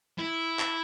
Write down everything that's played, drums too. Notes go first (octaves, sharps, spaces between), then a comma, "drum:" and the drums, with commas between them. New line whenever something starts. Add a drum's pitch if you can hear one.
E4
drum: clap